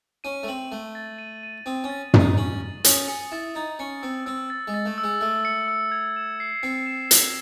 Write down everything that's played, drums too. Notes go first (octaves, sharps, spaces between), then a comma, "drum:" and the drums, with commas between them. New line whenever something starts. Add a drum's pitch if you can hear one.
C#4 D#7
A3
C4 F#7
A3 D#7
A6
D#7
D#7
C4 D#6
C#4
A6
A6, drum: tom
D#4
C#4 F#7
A6
C#4 D#6, drum: hi-hat
G#4 C#7
E4 A6
D#4 A6
C#4 C#7
C4 E6
C4 E6
A6
G#3
A6
A3
E6
G#3
A3 E6
C#7
E6
G#6
E7
C7
C4 C7
E7
G#6, drum: hi-hat